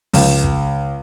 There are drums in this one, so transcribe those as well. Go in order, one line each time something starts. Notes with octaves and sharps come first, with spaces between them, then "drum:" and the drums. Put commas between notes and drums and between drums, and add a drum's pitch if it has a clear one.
C#2, drum: open hi-hat
drum: kick